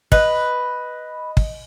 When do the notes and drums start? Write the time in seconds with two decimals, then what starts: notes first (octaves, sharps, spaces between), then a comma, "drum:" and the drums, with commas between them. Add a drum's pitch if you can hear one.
0.12 B4 D#5, drum: kick
1.37 drum: kick